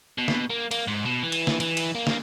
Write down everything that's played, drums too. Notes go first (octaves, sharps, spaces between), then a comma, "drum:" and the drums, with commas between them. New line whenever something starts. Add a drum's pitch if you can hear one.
B2
drum: snare
A#3
A#3, drum: cymbal
G#2
B2
E3
drum: cymbal
drum: snare
E3, drum: cymbal
drum: cymbal
A#3
drum: snare